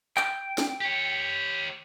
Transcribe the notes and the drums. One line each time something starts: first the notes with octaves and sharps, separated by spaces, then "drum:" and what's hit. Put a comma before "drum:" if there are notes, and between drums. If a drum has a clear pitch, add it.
G5, drum: clap
drum: snare
G4 C#5